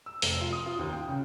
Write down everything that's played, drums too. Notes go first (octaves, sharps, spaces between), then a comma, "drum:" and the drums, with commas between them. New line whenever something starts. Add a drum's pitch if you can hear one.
E6
F1, drum: open hi-hat
F4
D#6
F4
D#2
G5
C#3